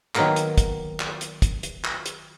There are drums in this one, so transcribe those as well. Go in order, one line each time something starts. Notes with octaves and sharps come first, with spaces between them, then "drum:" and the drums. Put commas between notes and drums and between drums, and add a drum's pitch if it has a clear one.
D#3 F#3 A#3 B3 A#4, drum: clap
drum: hi-hat
drum: kick, hi-hat
drum: clap
drum: hi-hat
drum: kick, hi-hat
drum: hi-hat
drum: clap
drum: hi-hat